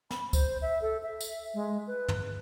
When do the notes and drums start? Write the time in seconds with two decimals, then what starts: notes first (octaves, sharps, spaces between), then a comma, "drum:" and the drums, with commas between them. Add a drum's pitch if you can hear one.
0.11 B5, drum: snare
0.33 C5, drum: kick C#2, tambourine
0.62 E5
0.82 A4
1.03 E5
1.21 drum: tambourine
1.54 G#3
1.87 B4
2.09 drum: tom